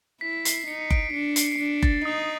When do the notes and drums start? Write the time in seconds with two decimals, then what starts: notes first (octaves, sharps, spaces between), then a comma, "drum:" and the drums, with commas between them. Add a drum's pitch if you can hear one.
0.21 E4 B6
0.33 B6
0.45 C7, drum: hi-hat
0.67 D#4 C#7
0.81 C#7
0.90 D7, drum: kick F#1
1.13 D4 C#7
1.36 C7, drum: hi-hat
1.44 C#7
1.52 C7
1.59 D4
1.83 A6, drum: kick F#1
2.05 D#4 D#6